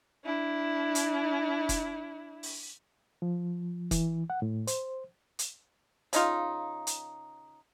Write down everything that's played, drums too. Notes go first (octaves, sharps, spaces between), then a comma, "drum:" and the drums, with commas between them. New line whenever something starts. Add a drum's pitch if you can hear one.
D4 E4
drum: hi-hat
drum: kick F1, hi-hat
drum: open hi-hat
F3
E3, drum: kick F1, hi-hat
F#5
A2
C5, drum: hi-hat
drum: hi-hat
C#3 D#4 F4, drum: hi-hat
drum: hi-hat